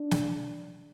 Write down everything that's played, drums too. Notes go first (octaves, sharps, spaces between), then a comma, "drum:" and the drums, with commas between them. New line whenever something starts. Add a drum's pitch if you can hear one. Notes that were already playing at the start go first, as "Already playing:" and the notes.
Already playing: D4
drum: snare